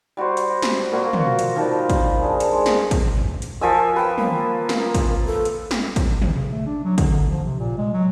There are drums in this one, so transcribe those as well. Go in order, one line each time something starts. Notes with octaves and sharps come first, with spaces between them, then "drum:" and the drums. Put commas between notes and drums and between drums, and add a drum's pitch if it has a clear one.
G3 F#4 G4 C5
drum: hi-hat
F#5, drum: snare
A#2 A#3 F4 F#4
drum: tom
drum: hi-hat
D#3 F3 G3
drum: kick, hi-hat
D4 G#4
drum: hi-hat
G#3
drum: snare
drum: kick, hi-hat
drum: tom
drum: hi-hat
F3 A#4 G#5 E6
B4 G5
A#3, drum: tom
drum: snare
drum: kick, hi-hat
A4
drum: hi-hat
drum: snare
drum: kick, hi-hat
drum: tom
C#3
A3
D4
F#3
D3, drum: kick, hi-hat
D3
F3
C3
A#2
G#3
F#3